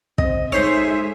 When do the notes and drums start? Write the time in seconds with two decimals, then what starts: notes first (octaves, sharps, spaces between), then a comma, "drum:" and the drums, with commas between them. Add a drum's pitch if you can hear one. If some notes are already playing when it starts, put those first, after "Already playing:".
0.18 C4 D#5, drum: kick
0.52 G#3 A3 D#4 G#4 C5 C#5 E5 F6